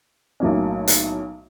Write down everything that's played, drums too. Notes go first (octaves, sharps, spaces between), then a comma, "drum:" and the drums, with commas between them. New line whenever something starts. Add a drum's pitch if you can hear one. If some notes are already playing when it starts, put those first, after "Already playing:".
B1 A2 F#3 A#3 C#4
drum: hi-hat